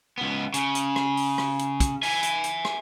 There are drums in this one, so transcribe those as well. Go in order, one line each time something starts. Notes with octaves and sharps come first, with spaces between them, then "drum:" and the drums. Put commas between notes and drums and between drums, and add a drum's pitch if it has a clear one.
C#2 B3
C#3, drum: hi-hat
drum: hi-hat
drum: rim click
drum: open hi-hat
drum: rim click
drum: hi-hat
drum: kick, hi-hat
E5 G#5, drum: open hi-hat
drum: hi-hat
drum: hi-hat
drum: rim click